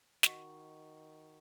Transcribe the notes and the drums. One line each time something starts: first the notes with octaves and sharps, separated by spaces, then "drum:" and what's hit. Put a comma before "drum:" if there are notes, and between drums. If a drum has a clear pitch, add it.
D#3 F#4 D#5 F#5 C#6, drum: snare